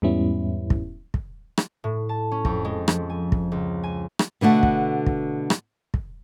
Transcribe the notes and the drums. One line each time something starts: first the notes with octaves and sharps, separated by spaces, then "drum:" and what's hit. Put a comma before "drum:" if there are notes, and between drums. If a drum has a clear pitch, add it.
E2 G#2 G3 B3 C#4 E4
drum: kick
drum: kick
drum: rim click
A2
A5
C#4
F2, drum: kick
G#3
F3, drum: rim click
G#5
drum: kick
C#2
G#5
drum: rim click
B2 D3 A3 F#4
drum: kick
drum: kick
drum: rim click
drum: kick